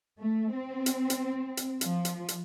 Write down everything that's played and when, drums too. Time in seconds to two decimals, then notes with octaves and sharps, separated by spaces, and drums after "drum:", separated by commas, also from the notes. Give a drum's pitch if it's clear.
0.20 A3
0.55 C4
0.86 drum: hi-hat
1.10 drum: hi-hat
1.57 drum: hi-hat
1.81 F3, drum: hi-hat
2.05 drum: hi-hat
2.28 drum: hi-hat